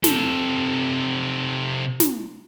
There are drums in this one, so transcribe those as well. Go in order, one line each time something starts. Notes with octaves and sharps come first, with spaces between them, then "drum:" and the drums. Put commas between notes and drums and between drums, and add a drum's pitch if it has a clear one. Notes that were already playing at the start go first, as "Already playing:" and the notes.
C3 A4, drum: snare
drum: snare